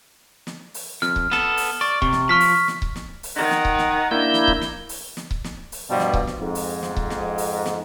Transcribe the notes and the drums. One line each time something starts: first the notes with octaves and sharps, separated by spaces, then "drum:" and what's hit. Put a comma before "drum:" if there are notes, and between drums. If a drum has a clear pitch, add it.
drum: snare
drum: open hi-hat
F2 F6, drum: snare
drum: kick C#1
B3 A4, drum: snare
drum: open hi-hat
D5 C#6
C3 C#6, drum: kick C#1
drum: snare
F3 C#6 F6 B6
drum: open hi-hat
drum: snare
drum: kick C#1
drum: snare
drum: open hi-hat
D#3 F#5 A#5
drum: snare
drum: kick C#1
drum: snare
A#3 D4 E4 G6
drum: snare
drum: kick C#1
drum: snare
drum: open hi-hat
drum: snare
drum: kick C#1
drum: snare
drum: open hi-hat
G2 B2 F3 G3
drum: snare
drum: kick C#1
drum: snare
F2 G#2
drum: open hi-hat
drum: snare
drum: kick C#1
drum: snare
drum: open hi-hat
drum: snare